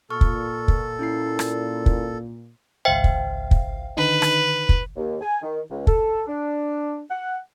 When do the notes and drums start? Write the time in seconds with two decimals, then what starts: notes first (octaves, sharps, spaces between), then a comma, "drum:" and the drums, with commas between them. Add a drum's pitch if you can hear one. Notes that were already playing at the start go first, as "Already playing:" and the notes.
0.10 A#2 A4 C#6 F6
0.21 drum: kick
0.68 drum: kick
0.99 C#4 E4 C7
1.39 drum: rim click
1.86 drum: kick
2.85 G#1 C#2 C5 E5 F5 G5
3.04 drum: kick
3.51 drum: kick
3.97 D3 D#3 D#4 B4
4.22 drum: rim click
4.69 drum: kick
4.96 D#2
5.21 G#5
5.42 D#3
5.70 C#2
5.87 A4, drum: kick
6.27 D4
7.10 F#5